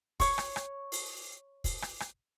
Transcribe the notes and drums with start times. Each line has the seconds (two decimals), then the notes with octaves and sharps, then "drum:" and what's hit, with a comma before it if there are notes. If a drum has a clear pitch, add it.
0.20 C#5 C#6, drum: kick, open hi-hat
0.38 drum: rim click
0.56 drum: rim click
0.92 drum: open hi-hat
1.64 drum: kick, open hi-hat
1.82 drum: rim click
2.00 drum: rim click